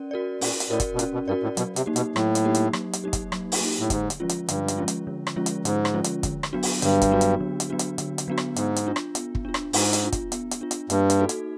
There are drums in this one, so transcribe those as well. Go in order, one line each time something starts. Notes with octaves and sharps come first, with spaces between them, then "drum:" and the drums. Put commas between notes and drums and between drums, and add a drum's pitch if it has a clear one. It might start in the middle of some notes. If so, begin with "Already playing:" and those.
Already playing: C#4 A#4 D5
F#4 A#4 D5
A#2 C#4, drum: open hi-hat
drum: hi-hat
A2 F#4 A#4 D5
drum: kick, hi-hat
B2
A#2 C#4, drum: hi-hat
B2
G2 F#4 A#4 D5
A2
B2 F#3, drum: hi-hat
C3, drum: hi-hat
A#3 D#4 G4
B2, drum: hi-hat
A2 F#3, drum: rim click
drum: hi-hat
A#3 D#4 G4
drum: hi-hat
F#3, drum: rim click
drum: hi-hat
A#3 D#4 G4
drum: kick, hi-hat
F#3, drum: rim click
drum: open hi-hat
A#3 D#4 G4
A2
G#2 D3, drum: kick, hi-hat
drum: hi-hat
F3 G#3 C#4 F4
drum: hi-hat
G2 D3, drum: hi-hat
drum: hi-hat
F3 G#3 C#4 F4
drum: hi-hat
D3
drum: rim click
F3 G#3 C#4 F4
drum: hi-hat
G#2 D3, drum: hi-hat
drum: rim click
F3 G#3 C#4 F4
drum: hi-hat
D3, drum: kick, hi-hat
drum: rim click
F#3 B3 D4 F#4
drum: open hi-hat
G2 D3, drum: hi-hat
drum: kick, hi-hat
F#3 B3 D4 F#4
drum: hi-hat
D3
drum: hi-hat
F#3 B3 D4 F#4
drum: hi-hat
D3, drum: hi-hat
drum: hi-hat
F#3 B3 D4 F#4
drum: rim click
G#2 B3, drum: hi-hat
drum: hi-hat
D4 F4
drum: rim click
B3, drum: hi-hat
drum: kick
D4 F4
drum: rim click
G#2 B3, drum: open hi-hat
drum: hi-hat
D4 F4
drum: kick, hi-hat
B3, drum: hi-hat
drum: hi-hat
D4 F4
drum: hi-hat
G2 A#3, drum: hi-hat
drum: hi-hat
D#4 F#4 A4
drum: hi-hat